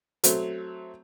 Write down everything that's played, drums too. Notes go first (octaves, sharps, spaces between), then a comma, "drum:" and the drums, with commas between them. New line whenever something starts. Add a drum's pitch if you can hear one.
F#3 A3 C4, drum: hi-hat